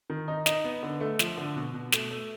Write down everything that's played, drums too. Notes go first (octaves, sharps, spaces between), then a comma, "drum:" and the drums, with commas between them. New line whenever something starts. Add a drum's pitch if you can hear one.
D#3
D#4
D#4, drum: snare
B3
D3
A3
F3, drum: snare
D3
B2
B2
A3, drum: snare
A3